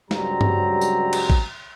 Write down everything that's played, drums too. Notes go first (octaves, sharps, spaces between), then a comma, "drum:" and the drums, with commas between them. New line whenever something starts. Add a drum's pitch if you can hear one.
C#2 G2 F#3 G3 C4 A#5, drum: snare
drum: tom G2
drum: tambourine
drum: cymbal
drum: kick A1